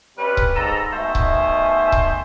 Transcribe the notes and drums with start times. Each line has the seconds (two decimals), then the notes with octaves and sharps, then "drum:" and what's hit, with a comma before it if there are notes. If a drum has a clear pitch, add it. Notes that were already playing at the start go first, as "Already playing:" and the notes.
0.18 C3 G3 C#4 B4
0.37 drum: kick C#1
0.55 G#2 A4 A#5
0.92 B2 D#3 A3 C5 E5 G#5
1.15 drum: kick C#1
1.92 drum: kick C#1